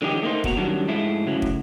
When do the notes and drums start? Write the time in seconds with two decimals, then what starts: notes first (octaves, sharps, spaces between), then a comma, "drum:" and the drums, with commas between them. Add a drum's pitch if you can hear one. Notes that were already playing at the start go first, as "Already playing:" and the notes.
0.02 D3 E3 F#3 D#4 G4 G#4
0.22 A3 A#3 D#4 C5
0.44 B2 F#4 B4 A#5, drum: kick
0.57 F#2 D#3 F#3 G3 D4
0.88 G#2 F3 G#3 A3 E4
1.27 A2 C#3 F#3 E4
1.42 drum: kick